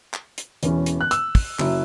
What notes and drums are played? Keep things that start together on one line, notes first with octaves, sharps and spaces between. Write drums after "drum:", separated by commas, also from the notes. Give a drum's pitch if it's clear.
drum: clap
drum: hi-hat
E1 E2 E3 C#4, drum: hi-hat
drum: hi-hat
F#6
E6, drum: hi-hat
drum: kick, open hi-hat
F#1 F#3 E4, drum: clap